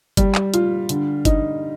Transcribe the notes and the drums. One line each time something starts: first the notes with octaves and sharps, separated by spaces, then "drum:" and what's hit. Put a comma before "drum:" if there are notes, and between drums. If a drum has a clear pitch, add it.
G3, drum: kick, hi-hat
drum: clap
F4, drum: hi-hat
D3, drum: hi-hat
D#4, drum: kick, hi-hat